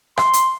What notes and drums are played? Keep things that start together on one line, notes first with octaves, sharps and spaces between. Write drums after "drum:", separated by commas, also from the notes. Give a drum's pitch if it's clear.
C6, drum: rim click
drum: hi-hat